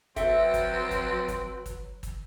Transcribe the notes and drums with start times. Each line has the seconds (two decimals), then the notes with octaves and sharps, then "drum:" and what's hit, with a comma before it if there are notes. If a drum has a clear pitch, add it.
0.16 F#3 C4 A4 B4 E5 G5, drum: kick, hi-hat
0.54 drum: kick, hi-hat
0.91 drum: kick, hi-hat
1.28 drum: kick, hi-hat
1.66 drum: kick, hi-hat
2.03 drum: kick, hi-hat